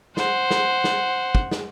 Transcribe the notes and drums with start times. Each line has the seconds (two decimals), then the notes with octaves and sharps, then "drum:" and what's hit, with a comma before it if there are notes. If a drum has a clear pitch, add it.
0.17 C5 F#5, drum: snare
0.51 drum: snare
0.84 drum: snare
1.35 drum: kick
1.51 drum: snare